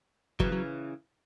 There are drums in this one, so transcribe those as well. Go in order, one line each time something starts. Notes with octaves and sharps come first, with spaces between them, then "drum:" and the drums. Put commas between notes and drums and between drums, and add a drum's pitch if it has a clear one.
C#3 E3 F#3, drum: kick G1
F#3